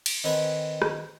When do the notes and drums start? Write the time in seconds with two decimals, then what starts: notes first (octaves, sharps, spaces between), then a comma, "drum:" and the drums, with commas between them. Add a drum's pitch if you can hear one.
0.06 drum: cymbal
0.24 D#3 C4 B4 G#5
0.82 drum: rim click